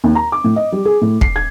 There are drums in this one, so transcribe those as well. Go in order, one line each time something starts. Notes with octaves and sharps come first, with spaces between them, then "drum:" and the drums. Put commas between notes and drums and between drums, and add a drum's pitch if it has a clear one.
D#2
A#5
D6
A2
D#5
G3
G#4
A2
C7, drum: kick
G#6